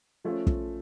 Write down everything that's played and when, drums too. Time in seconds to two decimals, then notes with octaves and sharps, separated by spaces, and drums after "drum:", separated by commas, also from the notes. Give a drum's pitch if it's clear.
0.24 F3 A3 C#4 F4
0.47 drum: kick